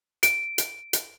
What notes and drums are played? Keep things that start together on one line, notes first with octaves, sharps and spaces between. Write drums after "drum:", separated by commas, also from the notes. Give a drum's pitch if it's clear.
D7, drum: hi-hat
drum: hi-hat
drum: hi-hat